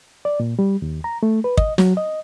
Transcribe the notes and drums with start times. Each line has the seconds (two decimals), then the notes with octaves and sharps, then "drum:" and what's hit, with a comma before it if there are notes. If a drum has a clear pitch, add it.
0.25 D5
0.40 A#2
0.59 G3
0.82 D#2
1.04 A#5
1.23 A3
1.44 B4
1.57 D#5, drum: kick
1.78 F#3, drum: snare
1.97 D#5